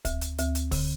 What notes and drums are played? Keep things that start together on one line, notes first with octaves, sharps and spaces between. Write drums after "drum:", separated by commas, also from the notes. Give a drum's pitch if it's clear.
D2, drum: kick, hi-hat
drum: hi-hat
D2, drum: hi-hat
drum: hi-hat
D3, drum: kick, open hi-hat